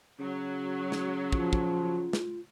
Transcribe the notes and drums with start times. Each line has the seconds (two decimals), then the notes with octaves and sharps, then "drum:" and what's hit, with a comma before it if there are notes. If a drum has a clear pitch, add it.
0.19 C#3 F#3
0.92 drum: snare
1.32 F3 F4, drum: kick
1.53 drum: kick
2.13 drum: snare